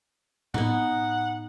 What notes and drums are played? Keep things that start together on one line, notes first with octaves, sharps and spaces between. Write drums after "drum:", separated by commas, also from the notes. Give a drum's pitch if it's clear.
B3 D#4 F#5, drum: tom A2